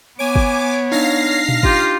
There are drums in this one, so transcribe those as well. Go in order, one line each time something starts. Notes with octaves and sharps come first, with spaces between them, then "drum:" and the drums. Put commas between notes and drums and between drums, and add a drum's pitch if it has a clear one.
B3 C#5 G#5 D6
drum: kick
D4 D#4 F5 A#6 C7
drum: tom A#2
F4 G4, drum: kick